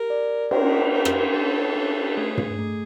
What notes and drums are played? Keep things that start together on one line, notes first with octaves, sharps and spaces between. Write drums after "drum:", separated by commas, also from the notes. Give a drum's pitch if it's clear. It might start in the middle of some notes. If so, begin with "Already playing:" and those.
Already playing: G4 A#4
D5
A#4 G5, drum: cymbal
A#4 B4
drum: rim click
D4 A4
D4
A3 G#4
drum: tom
A3